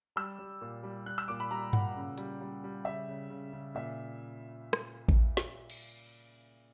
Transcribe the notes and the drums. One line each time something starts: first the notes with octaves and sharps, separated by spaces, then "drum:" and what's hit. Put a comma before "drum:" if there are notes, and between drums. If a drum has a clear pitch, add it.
G3 E6
G3
A#2
G3
G3 F#6
E6, drum: tambourine
A#2 D6
B5
G3 A#5
A#2 F#5, drum: tom G2
C#3
G3, drum: hi-hat
G3
G3
C#3 E5
C#3
C#3
C#3
A#2 E5
drum: rim click
drum: kick A1
drum: snare
drum: cymbal